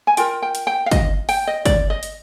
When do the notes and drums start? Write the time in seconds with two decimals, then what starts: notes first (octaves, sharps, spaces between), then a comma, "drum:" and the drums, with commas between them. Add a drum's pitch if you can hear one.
0.07 G#5
0.17 F4 A#4 G5, drum: hi-hat
0.42 G5
0.55 drum: hi-hat
0.67 G5
0.86 F5
0.91 D#5, drum: kick, hi-hat
1.29 G5, drum: open hi-hat
1.47 D#5
1.66 D5, drum: kick, hi-hat
1.90 D#5
2.03 drum: hi-hat